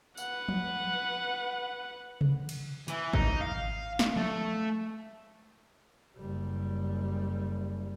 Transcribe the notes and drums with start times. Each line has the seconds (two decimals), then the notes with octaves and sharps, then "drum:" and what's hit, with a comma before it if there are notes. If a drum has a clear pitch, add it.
0.17 B4 F#5, drum: tambourine
0.48 drum: tom F3
2.21 drum: tom C3
2.49 drum: cymbal
2.88 E3, drum: hi-hat
3.13 D#4, drum: kick G#1
3.41 F5
3.99 drum: snare
4.16 A3, drum: tom F3
6.17 F#1 G3